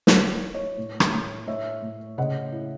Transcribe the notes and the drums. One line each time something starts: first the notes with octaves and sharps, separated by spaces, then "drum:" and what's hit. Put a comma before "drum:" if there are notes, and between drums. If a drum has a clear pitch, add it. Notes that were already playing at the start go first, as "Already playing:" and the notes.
F#3 C#5, drum: snare
E4
C#5
A2
drum: rim click
A2
A2 C#5 E5
A2
C#3 D#5 F#5
E4